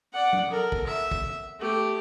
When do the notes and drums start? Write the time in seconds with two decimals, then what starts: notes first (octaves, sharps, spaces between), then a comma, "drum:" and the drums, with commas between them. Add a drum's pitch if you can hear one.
0.13 D5 F#5
0.33 drum: tom F#3
0.50 A4 A#4
0.72 drum: kick
0.87 E5
1.11 drum: kick
1.60 A3 G4